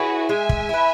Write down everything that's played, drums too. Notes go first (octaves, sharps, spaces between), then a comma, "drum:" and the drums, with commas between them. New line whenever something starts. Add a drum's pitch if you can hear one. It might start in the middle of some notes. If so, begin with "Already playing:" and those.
Already playing: E4 F#4 G#4 B4 C#5
G#3 E5 G#5
drum: kick
E4 B4